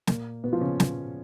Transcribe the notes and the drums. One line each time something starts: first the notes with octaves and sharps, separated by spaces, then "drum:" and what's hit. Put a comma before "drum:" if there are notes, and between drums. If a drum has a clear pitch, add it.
A#2 A#3, drum: snare
B2 B3
F3 F4
C#3 C#4
drum: snare